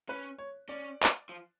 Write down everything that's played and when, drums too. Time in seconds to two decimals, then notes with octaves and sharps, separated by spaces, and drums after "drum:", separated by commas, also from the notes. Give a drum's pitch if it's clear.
0.09 C#4 B4
0.38 C#5
0.69 C#4 D5
1.03 drum: clap
1.29 F3